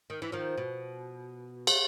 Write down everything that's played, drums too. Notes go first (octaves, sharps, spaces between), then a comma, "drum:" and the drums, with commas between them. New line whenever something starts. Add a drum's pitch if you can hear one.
D#3
E3
D#3 F3
B2
drum: cymbal